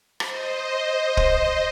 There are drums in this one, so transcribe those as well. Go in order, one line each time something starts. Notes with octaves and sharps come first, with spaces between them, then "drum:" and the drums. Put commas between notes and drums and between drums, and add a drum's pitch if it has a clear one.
C5 D#5, drum: rim click
drum: kick